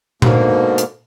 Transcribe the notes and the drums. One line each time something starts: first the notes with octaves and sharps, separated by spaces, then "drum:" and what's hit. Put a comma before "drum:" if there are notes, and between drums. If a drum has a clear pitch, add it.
G#2 B2 D3 A#3, drum: tom A#2
drum: hi-hat